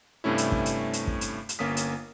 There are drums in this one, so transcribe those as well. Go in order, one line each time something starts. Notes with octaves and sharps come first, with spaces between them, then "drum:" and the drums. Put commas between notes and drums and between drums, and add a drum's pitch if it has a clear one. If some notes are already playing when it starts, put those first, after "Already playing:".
G2 C3 A3 C#4 E4
drum: hi-hat
drum: kick
drum: hi-hat
drum: hi-hat
drum: kick
drum: hi-hat
drum: hi-hat
G1 A#3 C#4 D#6 B6
drum: hi-hat